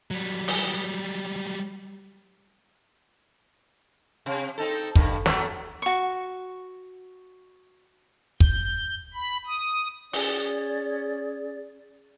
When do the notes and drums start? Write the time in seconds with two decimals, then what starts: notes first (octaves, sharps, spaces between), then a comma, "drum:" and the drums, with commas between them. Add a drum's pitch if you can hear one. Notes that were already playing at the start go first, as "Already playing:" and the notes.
0.11 F#3 G3
0.48 drum: open hi-hat
4.26 C3
4.58 C4 D#4 A4
4.95 G2 D3, drum: kick
5.26 F#3 A3, drum: snare
5.82 F#4 C#6
8.40 G6, drum: kick
9.14 B5
9.47 D#6
10.13 C#4 G#4 D5, drum: open hi-hat